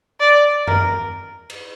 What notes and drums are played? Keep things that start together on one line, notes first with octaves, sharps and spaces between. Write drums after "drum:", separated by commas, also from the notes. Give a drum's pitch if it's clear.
D5
A#4, drum: tom F#2
drum: cymbal